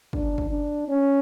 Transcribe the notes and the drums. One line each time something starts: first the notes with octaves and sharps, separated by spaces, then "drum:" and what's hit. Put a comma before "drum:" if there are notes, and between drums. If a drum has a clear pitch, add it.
D4, drum: kick
drum: kick
D4
C#4